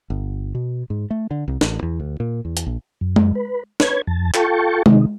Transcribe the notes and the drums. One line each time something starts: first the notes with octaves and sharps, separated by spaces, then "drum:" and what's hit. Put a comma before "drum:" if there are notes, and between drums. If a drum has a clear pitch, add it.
G1
B2
G#2
A3
D3
C2
A1, drum: snare
E2
D2
A#2
E2
drum: hi-hat
A#1
F#2
drum: tom G#3
B4
B4 C#5 G#6, drum: snare
F2 A5
F4 A4 G5 A5 C#6, drum: clap
C3 D#3 G#3 D#4, drum: tom G#3